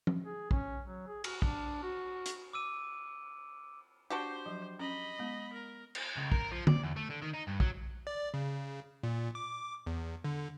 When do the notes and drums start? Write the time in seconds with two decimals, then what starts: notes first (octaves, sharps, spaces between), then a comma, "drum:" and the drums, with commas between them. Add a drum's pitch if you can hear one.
0.07 drum: tom
0.25 G#4
0.51 C#4, drum: kick
0.86 F#3
1.07 G#4
1.24 F#4, drum: cymbal
1.42 D4, drum: kick
1.83 F#4
2.26 drum: hi-hat
2.53 D6 E6 D#7
4.10 D4 F#4 G4 C5 C6
4.46 F3 F#3
4.79 C#4 D#5 B5
5.19 G#3 B3
5.53 A#4
5.95 drum: cymbal
6.17 C#2
6.32 A#4, drum: kick
6.52 F3
6.67 D5, drum: tom D3
6.83 E2
6.96 A3
7.10 D3
7.22 D#3
7.33 D#4
7.47 G2
7.60 F#3, drum: kick
8.07 D5
8.34 C#3
9.03 A#2
9.35 D6
9.87 E2
10.24 D3